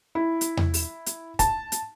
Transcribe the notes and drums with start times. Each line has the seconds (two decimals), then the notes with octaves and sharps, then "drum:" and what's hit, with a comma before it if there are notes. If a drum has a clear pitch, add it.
0.15 E4
0.41 drum: hi-hat
0.57 drum: tom E2
0.74 drum: open hi-hat
1.06 drum: hi-hat
1.39 A5, drum: kick, hi-hat
1.72 drum: hi-hat